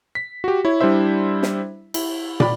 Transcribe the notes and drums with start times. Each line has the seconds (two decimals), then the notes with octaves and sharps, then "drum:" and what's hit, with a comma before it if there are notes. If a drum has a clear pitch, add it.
0.15 B6
0.44 F#4 G4
0.65 E4 C#5
0.80 G3 D4 E4 C5 E5
1.43 drum: snare
1.94 E4, drum: cymbal
2.40 D5 B5, drum: tom